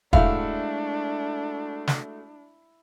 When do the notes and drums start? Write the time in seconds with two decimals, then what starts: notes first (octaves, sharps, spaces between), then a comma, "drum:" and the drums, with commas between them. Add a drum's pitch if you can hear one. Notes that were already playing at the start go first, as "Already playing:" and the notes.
0.13 G#3 A3 D4 E4 F#4 F5, drum: kick
1.88 drum: snare